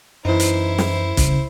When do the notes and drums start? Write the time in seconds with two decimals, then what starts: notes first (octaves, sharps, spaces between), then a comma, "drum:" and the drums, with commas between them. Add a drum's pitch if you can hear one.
0.25 F#2 E3 D#4 E4 C5
0.40 drum: hi-hat
0.78 drum: snare
1.17 C2 C#3, drum: kick, hi-hat